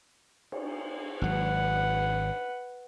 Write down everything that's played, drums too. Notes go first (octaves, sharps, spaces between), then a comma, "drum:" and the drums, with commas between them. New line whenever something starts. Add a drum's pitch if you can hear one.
drum: cymbal
G#1 F#3 B4 F#5